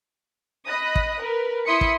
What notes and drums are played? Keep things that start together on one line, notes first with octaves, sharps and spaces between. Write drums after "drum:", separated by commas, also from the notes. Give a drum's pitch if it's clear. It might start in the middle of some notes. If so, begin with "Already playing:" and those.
D#5 B5 D#6 F#6 A#6
drum: kick
A#4 B4
E4 E5 C6 D#6 B6 C#7
drum: kick